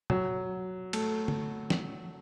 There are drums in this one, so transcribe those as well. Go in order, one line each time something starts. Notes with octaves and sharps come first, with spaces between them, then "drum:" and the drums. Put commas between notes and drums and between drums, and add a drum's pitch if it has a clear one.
F#3, drum: tom
A3, drum: cymbal
drum: tom
drum: snare